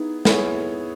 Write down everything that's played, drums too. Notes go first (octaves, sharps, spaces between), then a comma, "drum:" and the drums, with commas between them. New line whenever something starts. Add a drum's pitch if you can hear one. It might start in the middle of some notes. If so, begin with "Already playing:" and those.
Already playing: B3 D#4 E4 G#4
B3 E4 G#4 C#5, drum: snare